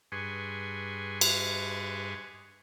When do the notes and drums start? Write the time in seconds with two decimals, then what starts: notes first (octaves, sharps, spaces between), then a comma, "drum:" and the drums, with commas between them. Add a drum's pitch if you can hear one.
0.12 G2 G#4 B4 G#5 C6 C#6
1.21 drum: cymbal